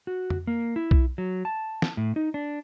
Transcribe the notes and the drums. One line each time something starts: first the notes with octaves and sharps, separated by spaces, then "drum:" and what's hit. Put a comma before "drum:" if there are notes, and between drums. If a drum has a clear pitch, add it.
F#4
drum: tom F2
A#3
E4
drum: kick B1
F#3
A5
drum: snare
A2
D#4
D4